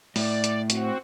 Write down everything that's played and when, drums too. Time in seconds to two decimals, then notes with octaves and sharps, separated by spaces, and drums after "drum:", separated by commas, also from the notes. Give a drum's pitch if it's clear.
0.16 A2 D5, drum: open hi-hat
0.44 drum: hi-hat
0.70 C4 F#4, drum: hi-hat